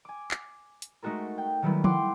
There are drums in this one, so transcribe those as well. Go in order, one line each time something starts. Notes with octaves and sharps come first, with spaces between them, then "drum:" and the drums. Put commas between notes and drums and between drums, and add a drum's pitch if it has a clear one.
G#5 D6
drum: clap
drum: hi-hat
G#3 A3 D#4 F#4 A4 A#4
G5
D#3 F#3 G3 A3 B3 E4
E4 F#5 G5 C6 D6, drum: tom